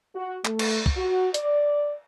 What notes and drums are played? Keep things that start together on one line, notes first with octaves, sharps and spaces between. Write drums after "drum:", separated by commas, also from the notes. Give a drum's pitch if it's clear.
F#4
A3, drum: clap
drum: cymbal
drum: kick
F#4
D5, drum: hi-hat